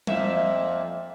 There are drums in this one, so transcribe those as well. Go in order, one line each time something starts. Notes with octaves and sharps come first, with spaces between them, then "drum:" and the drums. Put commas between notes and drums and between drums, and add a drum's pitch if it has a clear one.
F2 A#2 E5, drum: tom G3